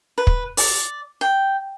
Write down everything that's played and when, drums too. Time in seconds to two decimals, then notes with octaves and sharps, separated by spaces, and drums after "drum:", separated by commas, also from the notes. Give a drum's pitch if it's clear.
0.18 B4
0.27 drum: kick
0.57 D5, drum: open hi-hat
1.21 G5